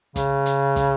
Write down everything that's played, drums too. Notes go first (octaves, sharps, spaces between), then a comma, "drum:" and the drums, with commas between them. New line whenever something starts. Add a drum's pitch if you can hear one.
C#3, drum: kick, hi-hat
drum: hi-hat
drum: kick, hi-hat